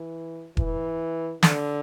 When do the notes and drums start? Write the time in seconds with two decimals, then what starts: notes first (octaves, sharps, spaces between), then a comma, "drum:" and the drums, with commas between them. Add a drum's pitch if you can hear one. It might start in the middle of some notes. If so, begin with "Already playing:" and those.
Already playing: E3
0.57 E3, drum: kick E1
1.43 D3, drum: snare